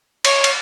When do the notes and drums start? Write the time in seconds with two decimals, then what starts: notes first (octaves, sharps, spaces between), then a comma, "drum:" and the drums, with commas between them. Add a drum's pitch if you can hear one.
0.25 C#5, drum: cymbal
0.44 drum: cymbal